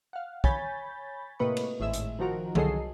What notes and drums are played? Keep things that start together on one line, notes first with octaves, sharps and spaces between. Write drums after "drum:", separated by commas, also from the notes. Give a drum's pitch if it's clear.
F5 F#5
C#5 G#5 B5 G6 A6, drum: kick
A2 C3 A#3 B4 D#5 C#6
drum: cymbal
G#1 A2 G#3 E5 E6
drum: hi-hat
D#3 F3 D#4 F#4 A#4
C2 F#3 G#4 A4 D#5 C7, drum: tom D3